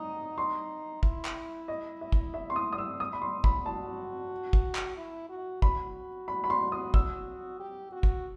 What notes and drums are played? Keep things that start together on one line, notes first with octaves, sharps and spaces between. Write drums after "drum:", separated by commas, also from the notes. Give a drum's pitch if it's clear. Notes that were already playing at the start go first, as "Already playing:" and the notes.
Already playing: D#4 D#6
C6
E4, drum: kick
drum: clap
D#5
E5
drum: kick
E5
C6
D#6
D#6
E6
D#6
B5
C6
B5, drum: kick
F#4 A5
drum: kick
drum: clap
E4
F#4
F#4 B5, drum: kick
B5
B5
C6
D#6
E6, drum: kick
G4
F#4
drum: kick